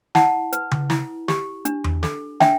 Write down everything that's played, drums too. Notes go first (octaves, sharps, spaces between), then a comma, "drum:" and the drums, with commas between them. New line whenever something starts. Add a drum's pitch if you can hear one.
E4 F#5 A5, drum: snare
B4, drum: hi-hat
drum: tom C#3
E4, drum: snare
G4, drum: snare
D4, drum: hi-hat
drum: tom E2
A4, drum: snare
D4 E5 G5, drum: snare